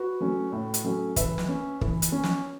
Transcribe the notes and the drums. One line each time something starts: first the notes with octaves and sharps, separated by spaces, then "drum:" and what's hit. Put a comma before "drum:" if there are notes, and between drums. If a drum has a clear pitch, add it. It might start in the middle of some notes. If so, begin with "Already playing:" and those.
Already playing: F#4 B4
F#3 A3 C#4
A2
drum: hi-hat
F#3 A3 C#4
E3 B4 E5, drum: kick, hi-hat
drum: snare
C#4
E3, drum: kick
drum: hi-hat
C#4
drum: snare